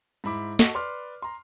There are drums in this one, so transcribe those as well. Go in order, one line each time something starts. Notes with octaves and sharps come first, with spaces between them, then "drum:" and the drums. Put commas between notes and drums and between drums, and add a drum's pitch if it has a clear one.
G#2 E4 B5 D6
F#4 A4 D#5 C#6, drum: snare
B4 D5 C6 D6 F6
A#5 C6